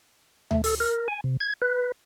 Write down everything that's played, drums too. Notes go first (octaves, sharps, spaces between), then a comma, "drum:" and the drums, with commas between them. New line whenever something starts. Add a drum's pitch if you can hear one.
A3, drum: tom D2
A4, drum: open hi-hat
A#4
G#5
C3
G#6
B4